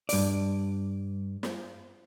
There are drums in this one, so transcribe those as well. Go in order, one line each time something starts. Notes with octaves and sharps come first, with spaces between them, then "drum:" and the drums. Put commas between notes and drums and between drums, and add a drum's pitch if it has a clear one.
G2 D5, drum: open hi-hat
drum: snare